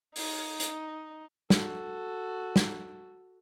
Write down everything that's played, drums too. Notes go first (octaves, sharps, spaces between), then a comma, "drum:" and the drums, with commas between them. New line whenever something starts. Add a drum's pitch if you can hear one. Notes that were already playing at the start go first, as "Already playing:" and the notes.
D#4, drum: open hi-hat
drum: hi-hat
F#4 A4, drum: snare
drum: snare